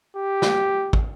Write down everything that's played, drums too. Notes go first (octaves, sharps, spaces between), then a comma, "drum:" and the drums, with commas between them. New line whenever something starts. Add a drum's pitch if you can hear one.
G4
drum: snare
drum: kick